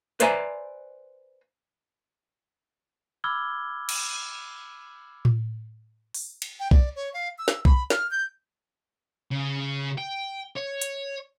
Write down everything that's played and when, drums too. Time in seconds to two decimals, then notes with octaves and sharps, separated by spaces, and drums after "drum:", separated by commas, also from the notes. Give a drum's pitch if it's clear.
0.20 B4 C5 D5 E5 G#5 A#5, drum: hi-hat
3.24 B5 D6 E6 F6 G#6 G7
3.89 drum: cymbal
5.25 drum: tom A2
6.14 drum: open hi-hat
6.42 drum: cymbal
6.60 G5
6.71 D5, drum: kick B1
6.96 C#5
7.14 F5
7.38 E6
7.48 drum: snare
7.65 B5, drum: kick B1
7.90 F6, drum: snare
8.11 G6
9.31 C#3
9.98 G5
10.57 C#5
10.82 drum: hi-hat